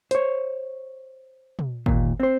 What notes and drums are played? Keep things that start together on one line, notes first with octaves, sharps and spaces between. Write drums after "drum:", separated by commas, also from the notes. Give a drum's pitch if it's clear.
C5 C#5, drum: hi-hat
drum: tom
D#2 A#2, drum: kick
C4 C5